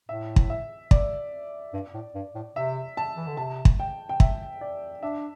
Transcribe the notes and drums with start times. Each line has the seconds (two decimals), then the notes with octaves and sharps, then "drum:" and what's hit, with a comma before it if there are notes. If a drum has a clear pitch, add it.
0.09 A2 E5
0.36 drum: kick
0.50 E5
0.91 D5, drum: kick
1.73 G2
1.94 A2
2.15 G2
2.35 A2
2.56 C3 E5
2.97 A5
3.16 E3
3.27 D3
3.37 C3 A5
3.65 drum: kick
3.80 G5
4.09 G5
4.20 E5, drum: kick
4.61 D5
5.02 D4 E5